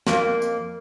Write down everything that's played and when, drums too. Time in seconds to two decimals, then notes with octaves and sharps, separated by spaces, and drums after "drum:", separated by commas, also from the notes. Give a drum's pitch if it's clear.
0.07 F2 A#3, drum: snare
0.42 drum: tambourine